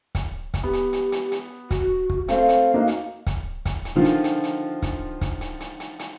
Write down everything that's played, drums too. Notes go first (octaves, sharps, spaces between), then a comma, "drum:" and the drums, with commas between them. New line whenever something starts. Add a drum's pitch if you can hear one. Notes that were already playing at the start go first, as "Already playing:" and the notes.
drum: kick, hi-hat
drum: kick, hi-hat
B3 G4
drum: hi-hat
drum: hi-hat
drum: hi-hat
drum: hi-hat
F#4, drum: kick, hi-hat
drum: kick
A3 C4 F5, drum: hi-hat
drum: hi-hat
A#3 D#4 F#4
drum: hi-hat
drum: kick, hi-hat
drum: kick, hi-hat
drum: hi-hat
D3 D#3 F3 F4
drum: hi-hat
drum: hi-hat
drum: hi-hat
drum: kick, hi-hat
drum: kick, hi-hat
drum: hi-hat
drum: hi-hat
drum: hi-hat
drum: hi-hat